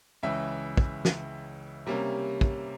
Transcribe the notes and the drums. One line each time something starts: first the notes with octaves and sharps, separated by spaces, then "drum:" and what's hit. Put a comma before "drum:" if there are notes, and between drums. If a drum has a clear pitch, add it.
C#2 C#3 E3 E5
drum: kick
drum: snare
C3 G3 A#3 C#4
drum: kick